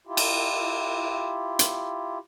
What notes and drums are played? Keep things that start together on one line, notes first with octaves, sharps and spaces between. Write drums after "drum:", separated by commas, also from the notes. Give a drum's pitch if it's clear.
E4 F4 G4
drum: cymbal
drum: hi-hat